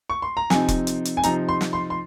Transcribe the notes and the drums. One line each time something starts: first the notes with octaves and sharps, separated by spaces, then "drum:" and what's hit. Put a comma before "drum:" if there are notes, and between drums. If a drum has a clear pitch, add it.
C#6
C6
A#5
C3 F3 C4 D#4 G#5, drum: snare
drum: kick E1, hi-hat
drum: hi-hat
drum: hi-hat
G#5
C3 F3 C4 D#4 A#5, drum: hi-hat
C6
drum: snare
C6
C6